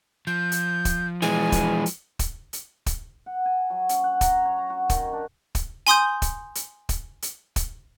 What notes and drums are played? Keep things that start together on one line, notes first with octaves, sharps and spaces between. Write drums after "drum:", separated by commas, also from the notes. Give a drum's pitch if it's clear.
F3 G6
drum: hi-hat
drum: kick, hi-hat
E3 G#3 G#5
drum: kick, hi-hat
drum: hi-hat
drum: kick, hi-hat
drum: hi-hat
drum: kick, hi-hat
F#5
G#5
F#3
C#4, drum: hi-hat
F#5
A#5, drum: kick, hi-hat
C#5
A#5
F#4
D#3, drum: kick, hi-hat
D4
drum: kick, hi-hat
G#5 C6 D#6 G6, drum: hi-hat
drum: kick, hi-hat
drum: hi-hat
drum: kick, hi-hat
drum: hi-hat
drum: kick, hi-hat